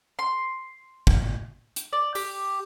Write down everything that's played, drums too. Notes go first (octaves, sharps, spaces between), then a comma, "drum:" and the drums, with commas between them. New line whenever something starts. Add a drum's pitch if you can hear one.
C6
drum: kick
drum: hi-hat
D5
G4, drum: open hi-hat